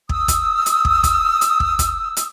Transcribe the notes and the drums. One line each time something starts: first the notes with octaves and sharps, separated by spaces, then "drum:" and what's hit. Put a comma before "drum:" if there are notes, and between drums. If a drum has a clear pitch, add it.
D#6 E6, drum: kick
drum: kick, hi-hat
drum: hi-hat
drum: kick
drum: kick, hi-hat
drum: hi-hat
drum: kick
drum: kick, hi-hat
drum: hi-hat